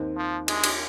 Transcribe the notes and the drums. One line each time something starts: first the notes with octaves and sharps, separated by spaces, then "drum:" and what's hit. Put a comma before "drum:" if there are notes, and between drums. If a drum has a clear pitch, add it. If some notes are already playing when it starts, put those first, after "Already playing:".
Already playing: D#2 D#3 C4
F3
G#3, drum: cymbal
drum: cymbal